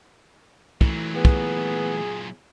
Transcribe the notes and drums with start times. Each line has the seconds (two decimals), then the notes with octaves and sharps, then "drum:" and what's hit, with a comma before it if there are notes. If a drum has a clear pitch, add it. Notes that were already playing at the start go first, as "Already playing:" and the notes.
0.81 A#2 E3 F#3 A3, drum: kick
1.16 B3 G#4
1.25 drum: kick